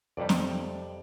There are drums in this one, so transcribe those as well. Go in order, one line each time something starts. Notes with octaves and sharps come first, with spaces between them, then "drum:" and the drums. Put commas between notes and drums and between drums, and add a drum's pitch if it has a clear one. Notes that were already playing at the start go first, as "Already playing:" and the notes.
F2 C3 G3 D5
drum: snare